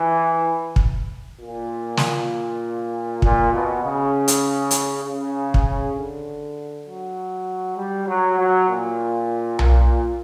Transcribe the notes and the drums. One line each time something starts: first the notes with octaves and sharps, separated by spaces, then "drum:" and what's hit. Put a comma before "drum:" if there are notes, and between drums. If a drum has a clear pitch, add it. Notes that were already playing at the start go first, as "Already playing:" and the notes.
Already playing: E3
drum: kick
A#2
drum: snare
A#2, drum: kick
B2
C#3
drum: hi-hat
drum: hi-hat
C#3
drum: kick
D3
F#3
G3
F#3
F#3
A#2
A#2, drum: tom B1